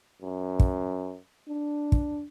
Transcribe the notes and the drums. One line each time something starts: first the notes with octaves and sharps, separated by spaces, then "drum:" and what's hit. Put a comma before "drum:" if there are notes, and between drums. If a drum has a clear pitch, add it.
F#2
drum: kick
D4
drum: kick